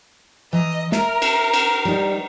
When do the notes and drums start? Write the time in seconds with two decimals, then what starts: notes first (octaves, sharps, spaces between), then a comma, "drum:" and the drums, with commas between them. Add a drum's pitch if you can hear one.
0.53 E3 D#5 A#5
0.92 A#4 E5, drum: snare
1.22 drum: cymbal
1.54 drum: cymbal
1.85 G3 D#4